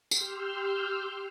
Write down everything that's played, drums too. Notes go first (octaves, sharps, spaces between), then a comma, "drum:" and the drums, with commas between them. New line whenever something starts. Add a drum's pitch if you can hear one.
G4 C6 E6 F6 G6, drum: tambourine